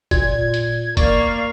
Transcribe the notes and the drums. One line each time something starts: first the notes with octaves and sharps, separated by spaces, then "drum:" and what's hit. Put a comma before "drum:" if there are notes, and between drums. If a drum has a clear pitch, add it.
A#2 G#6, drum: kick, hi-hat
drum: hi-hat
A#3 D5 F5 C#6, drum: kick, hi-hat